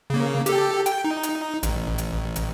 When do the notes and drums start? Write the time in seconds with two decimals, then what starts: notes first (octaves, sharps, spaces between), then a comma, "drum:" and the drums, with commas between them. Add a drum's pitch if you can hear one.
0.10 C#3 A#3
0.46 G4 A4, drum: hi-hat
0.86 G5, drum: hi-hat
1.04 D#4
1.23 drum: hi-hat
1.63 A1, drum: hi-hat
1.98 drum: hi-hat
2.36 drum: hi-hat